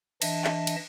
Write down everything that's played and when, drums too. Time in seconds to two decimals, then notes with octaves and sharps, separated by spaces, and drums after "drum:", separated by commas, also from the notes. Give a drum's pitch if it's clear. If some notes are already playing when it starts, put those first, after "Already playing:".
0.22 E3 D4 D#5 E5 A5, drum: cymbal
0.44 drum: clap
0.67 drum: cymbal